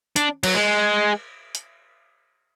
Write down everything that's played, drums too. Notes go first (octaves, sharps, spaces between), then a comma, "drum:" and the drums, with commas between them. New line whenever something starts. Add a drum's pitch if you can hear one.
D4, drum: hi-hat
F#3, drum: cymbal
G#3
drum: hi-hat